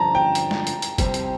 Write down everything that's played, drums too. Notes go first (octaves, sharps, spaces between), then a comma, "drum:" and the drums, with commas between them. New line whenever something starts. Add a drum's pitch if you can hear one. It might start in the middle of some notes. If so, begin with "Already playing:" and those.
Already playing: G2 D3 F3 A5 A#5
G5
drum: hi-hat
drum: snare
drum: hi-hat
drum: hi-hat
C3 G3 C4 G4 C5, drum: kick, hi-hat
drum: hi-hat